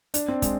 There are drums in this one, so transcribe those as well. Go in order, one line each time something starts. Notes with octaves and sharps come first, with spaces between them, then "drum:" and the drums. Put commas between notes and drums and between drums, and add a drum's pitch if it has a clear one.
D4, drum: hi-hat
C4
G#3, drum: kick, hi-hat